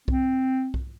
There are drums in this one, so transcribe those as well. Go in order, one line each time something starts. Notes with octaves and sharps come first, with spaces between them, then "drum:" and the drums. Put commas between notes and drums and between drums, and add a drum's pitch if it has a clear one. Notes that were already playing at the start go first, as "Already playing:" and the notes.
C4, drum: kick B1
drum: kick B1